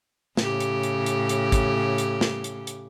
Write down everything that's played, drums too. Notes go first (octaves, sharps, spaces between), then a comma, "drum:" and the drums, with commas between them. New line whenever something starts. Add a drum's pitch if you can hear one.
A2 C#3 G4, drum: snare
drum: hi-hat
drum: hi-hat
drum: hi-hat
drum: hi-hat
drum: kick, hi-hat
drum: hi-hat
drum: snare
drum: hi-hat
drum: hi-hat